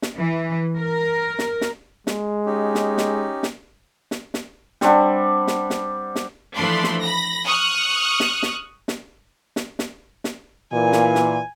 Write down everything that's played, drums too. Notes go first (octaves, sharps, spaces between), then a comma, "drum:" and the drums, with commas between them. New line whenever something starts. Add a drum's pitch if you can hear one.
drum: snare
E3
A#4
drum: snare
drum: snare
G#3, drum: snare
C#4 D#4 G4
drum: snare
drum: snare
drum: snare
drum: snare
drum: snare
G3 C4 D4 F#5, drum: snare
drum: snare
drum: snare
drum: snare
E3 F3 A3 D4 B5 C6
drum: snare
B5 A#6
C#6 D#6 F6 F#6
drum: snare
drum: snare
drum: snare
drum: snare
drum: snare
drum: snare
A#2 E3 G#5
drum: snare
drum: snare